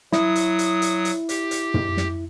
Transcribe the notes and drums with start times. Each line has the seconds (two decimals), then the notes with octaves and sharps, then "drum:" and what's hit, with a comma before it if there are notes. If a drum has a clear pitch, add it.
0.12 F#3 E4 D#6, drum: snare
0.36 drum: hi-hat
0.59 drum: hi-hat
0.82 drum: hi-hat
1.05 drum: hi-hat
1.29 G4, drum: hi-hat
1.51 drum: hi-hat
1.74 drum: tom
1.97 drum: snare